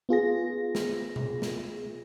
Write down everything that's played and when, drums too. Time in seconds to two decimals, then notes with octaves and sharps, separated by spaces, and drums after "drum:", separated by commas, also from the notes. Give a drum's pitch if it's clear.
0.09 B3 F4 G#4 A#6
0.75 drum: snare
1.16 drum: tom B2
1.42 drum: snare